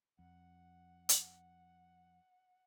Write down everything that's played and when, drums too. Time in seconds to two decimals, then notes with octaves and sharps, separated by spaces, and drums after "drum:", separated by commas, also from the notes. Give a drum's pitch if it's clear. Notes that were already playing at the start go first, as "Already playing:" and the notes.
0.19 F2 F#5
1.09 drum: hi-hat